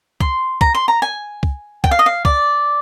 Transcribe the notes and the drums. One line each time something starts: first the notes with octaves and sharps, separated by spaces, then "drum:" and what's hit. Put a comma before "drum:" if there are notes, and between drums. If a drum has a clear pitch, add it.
C6, drum: kick
A#5, drum: kick
C6
A#5
G#5
drum: kick
G5, drum: kick
F5
D#5
F5
D5, drum: kick